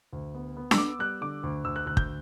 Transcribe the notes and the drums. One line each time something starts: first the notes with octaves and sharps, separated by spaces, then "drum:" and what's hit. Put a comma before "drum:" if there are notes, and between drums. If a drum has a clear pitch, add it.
D2
B3
B3
E6, drum: snare D4
B3 D6
G3 F#6
D3 D6
D2
D2 E6
F#6
D2 F#6
G6, drum: kick